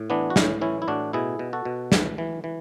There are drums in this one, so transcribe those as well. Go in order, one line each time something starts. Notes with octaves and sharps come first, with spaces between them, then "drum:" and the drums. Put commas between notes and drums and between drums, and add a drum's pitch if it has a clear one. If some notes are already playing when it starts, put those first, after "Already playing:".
Already playing: A2
E3 B3 D4
F#4
A2 C#4 E4, drum: snare
E3 C#4 E4
E4
A2 D4 F#4
B2 E4 G#4
B2
F#4 A4
B2
E3, drum: snare
E3
E3